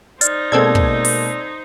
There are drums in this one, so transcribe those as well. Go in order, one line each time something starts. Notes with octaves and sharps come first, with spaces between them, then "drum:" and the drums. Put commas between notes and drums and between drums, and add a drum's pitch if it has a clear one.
D#4 C5 D5 F6 A6, drum: hi-hat
B2 G#3 A#3 C4 A4 D5 E6 G#6
drum: kick
drum: open hi-hat